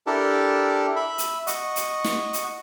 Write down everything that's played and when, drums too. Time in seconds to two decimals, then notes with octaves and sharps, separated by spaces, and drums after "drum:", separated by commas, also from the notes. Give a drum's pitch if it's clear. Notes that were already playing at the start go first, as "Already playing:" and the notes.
0.07 D4 E4 G4 A4 A#4 A5
0.96 E5 B5
1.18 drum: hi-hat
1.47 D#5 F#5 C#6, drum: hi-hat
1.76 drum: hi-hat
2.04 drum: snare
2.33 drum: hi-hat